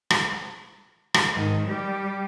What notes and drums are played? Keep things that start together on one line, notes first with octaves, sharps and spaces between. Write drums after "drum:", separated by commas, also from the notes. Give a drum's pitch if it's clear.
drum: rim click
drum: rim click
G#2 D#3
G3 G4